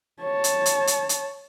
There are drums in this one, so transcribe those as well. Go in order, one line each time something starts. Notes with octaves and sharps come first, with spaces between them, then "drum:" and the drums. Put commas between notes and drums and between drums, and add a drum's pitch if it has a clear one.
C#5 A5
drum: hi-hat
drum: hi-hat
drum: hi-hat
drum: hi-hat